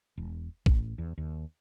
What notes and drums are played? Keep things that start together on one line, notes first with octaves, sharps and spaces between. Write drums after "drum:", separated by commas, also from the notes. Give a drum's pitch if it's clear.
E1
A1, drum: kick
E2
D#2